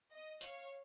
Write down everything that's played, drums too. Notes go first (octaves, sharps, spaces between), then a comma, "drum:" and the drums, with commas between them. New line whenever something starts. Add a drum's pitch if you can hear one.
D#5
C#5 F5, drum: hi-hat